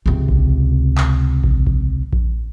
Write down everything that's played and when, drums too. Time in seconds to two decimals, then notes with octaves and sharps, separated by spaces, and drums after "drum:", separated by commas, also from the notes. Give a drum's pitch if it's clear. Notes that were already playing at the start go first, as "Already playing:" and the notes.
0.06 C#2 C3
0.29 drum: kick A#1
0.98 drum: clap
1.44 drum: kick A#1
1.67 drum: kick A#1
2.13 drum: kick A#1